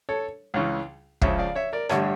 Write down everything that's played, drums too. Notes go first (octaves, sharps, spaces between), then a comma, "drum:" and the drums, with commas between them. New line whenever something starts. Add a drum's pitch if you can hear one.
A4 C#5
C#2 C#3 E3
C#2 C#3 F3 C#5 E5, drum: kick
D5 F5
C#5 E5
A#4 D5
A1 G2 D3 G3 C#5 E5, drum: rim click